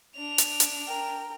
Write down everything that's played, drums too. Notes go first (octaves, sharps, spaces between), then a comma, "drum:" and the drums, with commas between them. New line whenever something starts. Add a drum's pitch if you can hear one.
D4 F7
drum: hi-hat
drum: hi-hat
A#4 G5